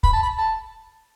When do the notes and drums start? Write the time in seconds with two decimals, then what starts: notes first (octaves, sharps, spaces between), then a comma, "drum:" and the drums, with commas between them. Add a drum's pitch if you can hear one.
0.03 B5, drum: kick
0.13 A5
0.23 B5
0.38 A5